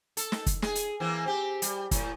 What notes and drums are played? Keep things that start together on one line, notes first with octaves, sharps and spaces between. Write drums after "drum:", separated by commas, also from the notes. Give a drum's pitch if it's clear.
A4, drum: hi-hat
drum: snare
drum: kick, hi-hat
G#4, drum: snare
drum: hi-hat
E3 A#3 C4
C4 G4
G3, drum: hi-hat
A2, drum: kick, hi-hat